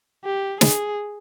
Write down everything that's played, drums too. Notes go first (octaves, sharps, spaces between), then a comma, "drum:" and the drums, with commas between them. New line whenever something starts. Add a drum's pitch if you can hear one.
G4
G#4, drum: snare